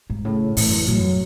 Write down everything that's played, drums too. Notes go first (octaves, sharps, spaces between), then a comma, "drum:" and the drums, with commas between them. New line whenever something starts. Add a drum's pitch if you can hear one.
G#2
A2 C#3
A2 E3, drum: open hi-hat
F#2
A2 F#3
F#2